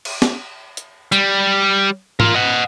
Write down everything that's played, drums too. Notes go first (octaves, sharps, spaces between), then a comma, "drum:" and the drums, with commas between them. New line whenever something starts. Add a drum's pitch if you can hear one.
drum: cymbal
drum: snare
drum: hi-hat
G3, drum: hi-hat
F4 A#4, drum: tom G#2
D#5 F#5